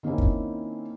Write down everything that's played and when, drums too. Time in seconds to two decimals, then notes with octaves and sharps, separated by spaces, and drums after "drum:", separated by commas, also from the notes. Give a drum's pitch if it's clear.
0.03 D#3 A#3 C4 C#4 E4
0.18 drum: kick